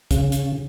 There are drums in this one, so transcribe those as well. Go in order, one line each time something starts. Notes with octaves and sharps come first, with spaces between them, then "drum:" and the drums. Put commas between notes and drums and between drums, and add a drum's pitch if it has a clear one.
C#3, drum: kick, hi-hat
drum: hi-hat